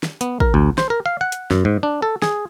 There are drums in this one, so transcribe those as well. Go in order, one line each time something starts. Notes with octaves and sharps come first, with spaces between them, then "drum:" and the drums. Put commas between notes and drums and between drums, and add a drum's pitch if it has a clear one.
drum: snare
B3, drum: hi-hat
A#4, drum: kick A1
D2
C5, drum: snare
A#4
F5
F#5
drum: hi-hat
F#2, drum: snare
G#2
D4
A4
G#4, drum: snare